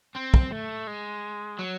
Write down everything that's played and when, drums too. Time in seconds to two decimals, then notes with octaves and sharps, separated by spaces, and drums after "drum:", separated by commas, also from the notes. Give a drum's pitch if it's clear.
0.16 C4
0.34 drum: kick
0.52 A3
0.87 G#3
1.59 F#3